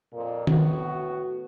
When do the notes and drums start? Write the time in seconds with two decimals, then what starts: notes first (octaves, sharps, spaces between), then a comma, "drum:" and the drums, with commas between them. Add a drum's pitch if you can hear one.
0.13 F2 A#2
0.47 A2 B3 F#4, drum: tom D#3